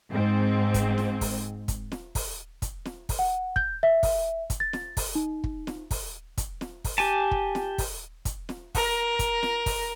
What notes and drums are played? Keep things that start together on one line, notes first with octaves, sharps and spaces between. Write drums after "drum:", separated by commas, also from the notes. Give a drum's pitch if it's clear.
G#2 C4
drum: kick, hi-hat
drum: snare
drum: kick, open hi-hat
drum: kick, hi-hat
drum: snare
drum: kick, open hi-hat
drum: kick, hi-hat
drum: snare
drum: kick, open hi-hat
F#5
G6, drum: kick
E5
drum: kick, open hi-hat
drum: kick, hi-hat
A6
drum: snare
drum: kick, open hi-hat
D#4
drum: kick
drum: snare
drum: kick, open hi-hat
drum: kick, hi-hat
drum: snare
drum: kick, open hi-hat
G4 G#5 A5
drum: kick
drum: snare
drum: kick, open hi-hat
drum: kick, hi-hat
drum: snare
A#4, drum: kick, open hi-hat
drum: kick, hi-hat
drum: snare
drum: kick, open hi-hat